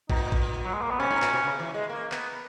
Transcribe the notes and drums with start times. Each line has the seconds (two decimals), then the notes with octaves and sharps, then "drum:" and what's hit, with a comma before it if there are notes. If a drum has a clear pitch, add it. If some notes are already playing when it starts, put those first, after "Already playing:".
0.10 A#2 D#4, drum: kick
0.32 drum: kick
0.64 F#3
0.73 G#3
0.82 A#3
0.91 B3
1.00 B2 C#4
1.11 G#2
1.22 A#2, drum: clap
1.33 B2
1.44 C#3
1.60 E3
1.74 G#3
1.89 A#3
2.12 B3, drum: clap